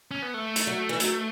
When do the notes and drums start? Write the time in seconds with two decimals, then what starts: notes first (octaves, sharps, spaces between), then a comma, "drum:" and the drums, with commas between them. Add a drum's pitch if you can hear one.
0.11 C#4
0.22 B3
0.34 A3
0.56 drum: hi-hat
0.67 F#3
0.89 E3
1.00 F#3, drum: hi-hat